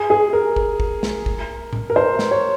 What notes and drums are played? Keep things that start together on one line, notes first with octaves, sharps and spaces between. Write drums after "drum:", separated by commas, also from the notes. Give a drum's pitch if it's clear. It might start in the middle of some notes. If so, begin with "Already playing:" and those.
Already playing: G#4
G#4
A#4
drum: kick
drum: kick
drum: snare
drum: kick
drum: tom A2
A#4
C5
drum: snare
C#5